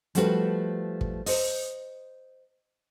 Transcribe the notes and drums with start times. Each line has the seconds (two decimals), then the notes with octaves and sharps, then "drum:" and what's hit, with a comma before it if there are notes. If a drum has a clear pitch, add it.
0.15 F3 G3 A3 F#4 G#4 B4, drum: hi-hat
1.01 drum: kick
1.26 C5 D#5, drum: open hi-hat